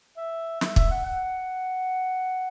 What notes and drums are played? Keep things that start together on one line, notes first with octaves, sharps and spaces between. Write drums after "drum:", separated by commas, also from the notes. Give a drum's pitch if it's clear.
E5
E5, drum: snare
E5, drum: kick
F#5
F#5